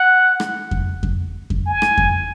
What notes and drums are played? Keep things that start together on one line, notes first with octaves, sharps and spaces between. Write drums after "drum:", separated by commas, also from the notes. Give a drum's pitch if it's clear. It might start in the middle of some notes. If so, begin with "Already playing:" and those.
Already playing: F#5
drum: rim click
drum: kick F2
drum: kick F2
drum: kick F2
G#5
drum: rim click
drum: kick F2